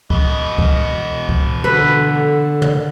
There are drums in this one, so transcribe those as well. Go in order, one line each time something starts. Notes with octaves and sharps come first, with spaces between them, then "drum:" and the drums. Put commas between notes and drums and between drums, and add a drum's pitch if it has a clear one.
B2 E3 D#5, drum: kick C2
drum: kick C2
drum: kick C2
D3 A4 B4
drum: tom